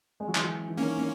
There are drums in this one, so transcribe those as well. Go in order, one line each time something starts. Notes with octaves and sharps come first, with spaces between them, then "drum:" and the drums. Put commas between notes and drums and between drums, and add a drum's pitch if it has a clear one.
G#3
F#3
E3, drum: clap
F#3
E3
D#3 A#3 C#4